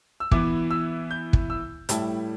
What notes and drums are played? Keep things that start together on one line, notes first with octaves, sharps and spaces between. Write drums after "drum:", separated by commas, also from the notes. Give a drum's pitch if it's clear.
E6
E3 B3 E4 D6, drum: kick
E6
G6
drum: kick
E6
A2 G3 E4 A5, drum: hi-hat